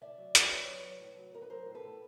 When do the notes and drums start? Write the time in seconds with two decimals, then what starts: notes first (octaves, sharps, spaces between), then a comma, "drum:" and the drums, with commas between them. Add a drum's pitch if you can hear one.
0.01 A2 D5 E5
0.18 F#3
0.35 F#3, drum: hi-hat
0.50 F#3 B4 C#5
0.68 F#3
0.83 F#3
1.00 A2
1.17 F#3
1.34 A2 A#4
1.42 B4
1.50 F#3 A#4 C5
1.66 A2
1.74 A4 B4
1.83 A2